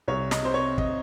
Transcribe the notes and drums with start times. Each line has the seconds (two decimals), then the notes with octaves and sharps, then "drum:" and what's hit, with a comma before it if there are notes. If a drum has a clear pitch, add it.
0.08 C2 C#5
0.31 D#5, drum: snare
0.43 C3 C5
0.54 C#5
0.78 D#5, drum: kick